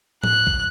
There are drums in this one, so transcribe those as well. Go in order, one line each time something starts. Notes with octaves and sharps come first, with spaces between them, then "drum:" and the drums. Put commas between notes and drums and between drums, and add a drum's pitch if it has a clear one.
F#6, drum: tom A2
drum: kick A#1